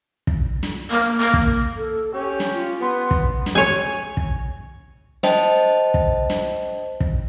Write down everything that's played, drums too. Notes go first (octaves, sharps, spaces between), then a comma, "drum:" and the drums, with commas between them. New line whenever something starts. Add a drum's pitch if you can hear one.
drum: kick
drum: snare
A#3
A#3
drum: kick
A4
C#4 G4 C#6
drum: snare
F4
B3 C6
drum: kick
drum: snare
C#5 G#5
drum: kick
C5 D#5 G5 A5, drum: snare
drum: kick
drum: snare
drum: kick